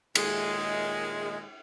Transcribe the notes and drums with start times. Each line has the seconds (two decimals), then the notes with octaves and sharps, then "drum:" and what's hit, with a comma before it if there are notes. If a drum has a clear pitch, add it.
0.15 A#2 D#3 G#3, drum: cymbal